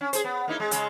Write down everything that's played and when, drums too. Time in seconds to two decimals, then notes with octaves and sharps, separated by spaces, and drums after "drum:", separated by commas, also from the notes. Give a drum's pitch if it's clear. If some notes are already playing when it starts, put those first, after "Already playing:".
0.01 C#4
0.13 G#4 C5, drum: hi-hat
0.24 B3
0.48 A#3 D#4 E4
0.60 G#3
0.71 C#3 G#3, drum: hi-hat